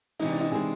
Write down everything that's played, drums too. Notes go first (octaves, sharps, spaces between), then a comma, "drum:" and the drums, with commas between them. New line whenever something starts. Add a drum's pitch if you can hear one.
C3 E3 G#3 D#4, drum: open hi-hat
D4
D#4
C3 E3 G#3 G#4